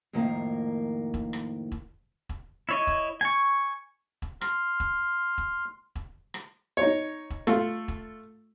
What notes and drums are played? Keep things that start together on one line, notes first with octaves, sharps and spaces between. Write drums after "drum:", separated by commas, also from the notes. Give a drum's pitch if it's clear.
F2 A2 D#3 A#3 A#4 F5
drum: kick E1
drum: rim click
drum: kick E1
drum: kick E1
E4 C#5 D#5
drum: kick E1
G#5 C#6
drum: kick E1
C6 F6, drum: rim click
drum: kick E1
drum: kick E1
drum: kick E1
drum: rim click
D#4 C#5
drum: kick E1
A3 F4, drum: rim click
drum: kick E1